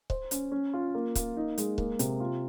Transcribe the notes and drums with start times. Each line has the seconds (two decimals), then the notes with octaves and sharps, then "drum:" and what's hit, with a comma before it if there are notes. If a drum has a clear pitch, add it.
0.10 C5, drum: kick C#1
0.31 C#4, drum: hi-hat
0.52 C#4
0.74 F4
0.95 A#3
1.15 A#3, drum: kick C#1, hi-hat
1.37 D#4
1.58 G#3, drum: hi-hat
1.78 A#3, drum: kick C#1
1.99 C3, drum: hi-hat
2.20 F4